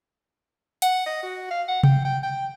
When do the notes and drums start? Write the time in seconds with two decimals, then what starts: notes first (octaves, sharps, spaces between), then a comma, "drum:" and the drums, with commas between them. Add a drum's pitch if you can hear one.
0.82 F#5, drum: hi-hat
1.06 D#5
1.23 F#4
1.51 F5
1.68 F#5
1.83 G5, drum: tom C3
2.05 G5
2.23 G5